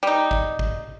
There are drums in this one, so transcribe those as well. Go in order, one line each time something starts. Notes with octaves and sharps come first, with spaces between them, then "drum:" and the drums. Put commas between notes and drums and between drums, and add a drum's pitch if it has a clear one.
G3 D#4
drum: kick
drum: kick